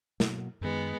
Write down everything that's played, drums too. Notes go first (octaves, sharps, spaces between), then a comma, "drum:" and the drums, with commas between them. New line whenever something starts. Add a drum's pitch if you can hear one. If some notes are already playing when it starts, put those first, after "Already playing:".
B2 F#3 A#3, drum: snare
F#2 D#3 G#3 B3